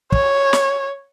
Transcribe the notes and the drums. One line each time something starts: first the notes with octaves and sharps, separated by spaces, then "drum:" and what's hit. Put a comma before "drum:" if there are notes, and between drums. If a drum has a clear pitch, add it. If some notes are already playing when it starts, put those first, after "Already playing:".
C#5, drum: kick
drum: snare